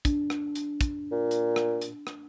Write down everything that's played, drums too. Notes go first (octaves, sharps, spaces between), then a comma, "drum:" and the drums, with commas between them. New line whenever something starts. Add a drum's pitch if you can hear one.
D4, drum: kick, hi-hat
drum: rim click
drum: hi-hat
drum: kick, hi-hat
A#2
drum: hi-hat
drum: rim click
drum: hi-hat
drum: rim click